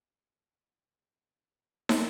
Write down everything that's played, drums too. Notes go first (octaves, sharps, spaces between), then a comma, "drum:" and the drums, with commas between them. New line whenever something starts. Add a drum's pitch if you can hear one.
G4
A5 C#6 D#6
drum: snare